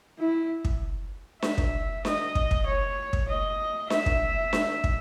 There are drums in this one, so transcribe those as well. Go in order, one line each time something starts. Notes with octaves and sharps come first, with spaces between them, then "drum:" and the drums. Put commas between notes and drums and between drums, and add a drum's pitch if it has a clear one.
E4
drum: kick
E5, drum: snare D4
drum: kick
D#5, drum: snare D4
drum: kick
drum: kick
C#5
drum: kick
D#5
E5, drum: snare D4
drum: kick
drum: snare D4
drum: kick